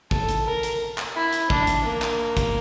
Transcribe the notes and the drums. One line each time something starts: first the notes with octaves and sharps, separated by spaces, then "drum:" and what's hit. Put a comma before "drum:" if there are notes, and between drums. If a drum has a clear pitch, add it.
A4, drum: kick
drum: hi-hat
A#4
drum: hi-hat
drum: clap
E4
drum: hi-hat
D4, drum: kick
drum: hi-hat
A#3
drum: clap
drum: kick, hi-hat